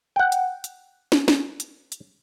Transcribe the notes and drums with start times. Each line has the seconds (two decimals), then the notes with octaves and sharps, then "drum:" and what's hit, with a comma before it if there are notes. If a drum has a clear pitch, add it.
0.16 F#5 G5
0.32 drum: hi-hat
0.64 drum: hi-hat
1.12 drum: snare
1.28 drum: snare
1.60 drum: hi-hat
1.92 drum: hi-hat